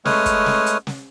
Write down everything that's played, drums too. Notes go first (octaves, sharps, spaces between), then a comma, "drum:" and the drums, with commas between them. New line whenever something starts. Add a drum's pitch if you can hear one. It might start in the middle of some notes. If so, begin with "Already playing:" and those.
G#3 A3 B4 C#5 D#6 F6, drum: snare
drum: kick, hi-hat
drum: snare
drum: hi-hat
drum: snare